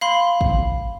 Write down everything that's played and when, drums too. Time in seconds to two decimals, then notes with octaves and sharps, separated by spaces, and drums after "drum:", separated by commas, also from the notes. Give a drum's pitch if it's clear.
0.01 F5 B5 C6
0.41 drum: kick